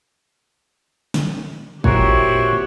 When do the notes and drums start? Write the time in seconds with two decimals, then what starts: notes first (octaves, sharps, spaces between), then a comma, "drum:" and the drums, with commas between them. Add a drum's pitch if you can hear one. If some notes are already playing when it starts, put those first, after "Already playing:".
1.14 drum: snare
1.84 A#2 C4 E4 F#4 G4 C#5, drum: kick